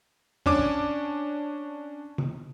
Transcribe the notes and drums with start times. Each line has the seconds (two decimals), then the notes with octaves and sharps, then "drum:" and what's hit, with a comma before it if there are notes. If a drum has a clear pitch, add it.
0.46 C#4 D4 D6, drum: tom E2
0.59 drum: kick
2.18 drum: tom